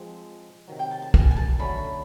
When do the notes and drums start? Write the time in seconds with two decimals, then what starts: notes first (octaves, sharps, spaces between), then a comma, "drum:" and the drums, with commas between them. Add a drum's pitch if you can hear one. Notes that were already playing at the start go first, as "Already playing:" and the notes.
Already playing: F3 G#3 C4
0.68 C3 D#3 F#3
0.79 G5
0.91 A5
1.02 A5
1.14 G#5, drum: kick
1.31 G#5
1.37 A5
1.59 D3 F#3 A3 C#4 B5